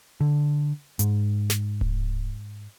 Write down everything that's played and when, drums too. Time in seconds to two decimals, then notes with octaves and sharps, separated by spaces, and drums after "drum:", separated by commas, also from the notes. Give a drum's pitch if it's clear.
0.21 D3
0.99 G#2, drum: hi-hat
1.50 drum: snare
1.81 drum: kick D1